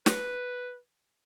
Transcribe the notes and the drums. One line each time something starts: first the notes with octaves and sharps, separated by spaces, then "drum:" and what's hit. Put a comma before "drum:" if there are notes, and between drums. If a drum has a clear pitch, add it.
B4, drum: snare